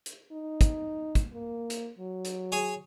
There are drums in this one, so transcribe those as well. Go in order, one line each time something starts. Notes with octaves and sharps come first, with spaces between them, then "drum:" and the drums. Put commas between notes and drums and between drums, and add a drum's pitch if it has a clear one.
drum: hi-hat
D#4
drum: kick, hi-hat
drum: kick, hi-hat
A#3
drum: hi-hat
F#3
drum: hi-hat
G#4 C#5 G#5